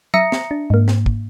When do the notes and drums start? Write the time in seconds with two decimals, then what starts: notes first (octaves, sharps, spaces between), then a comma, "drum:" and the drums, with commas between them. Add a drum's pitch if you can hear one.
0.14 E5 A#5 D#6 A#6 C#7, drum: tom F#3
0.32 drum: snare
0.51 D4
0.70 G#2 A#3
0.88 drum: snare
1.06 drum: kick